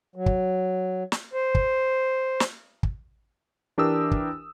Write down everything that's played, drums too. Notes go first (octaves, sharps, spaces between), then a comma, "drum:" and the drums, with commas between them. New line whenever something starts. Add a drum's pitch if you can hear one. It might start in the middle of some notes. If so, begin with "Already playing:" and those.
F#3
drum: kick
drum: snare
C5
drum: kick
drum: snare
drum: kick
E3 D4 G4 A#4 D#6 E6
drum: kick